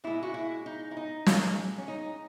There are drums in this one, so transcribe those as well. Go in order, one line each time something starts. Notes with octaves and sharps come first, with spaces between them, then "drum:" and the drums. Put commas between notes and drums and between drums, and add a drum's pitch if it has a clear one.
A#2 G#3 E4
F#4
E4
D#4
E4
D#4
A#2 G#3, drum: snare
C#4
D#4